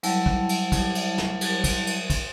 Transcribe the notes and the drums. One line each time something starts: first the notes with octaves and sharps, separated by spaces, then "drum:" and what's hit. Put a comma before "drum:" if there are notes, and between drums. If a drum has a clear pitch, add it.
F#3 G3 E4 A5, drum: cymbal
drum: kick
drum: cymbal
drum: kick, cymbal
drum: cymbal
drum: snare
drum: cymbal
drum: kick, cymbal
drum: cymbal
drum: kick, cymbal